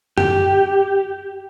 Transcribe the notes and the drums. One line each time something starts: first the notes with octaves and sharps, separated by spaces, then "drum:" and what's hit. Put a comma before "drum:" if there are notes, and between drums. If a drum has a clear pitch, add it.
G4, drum: tom F#2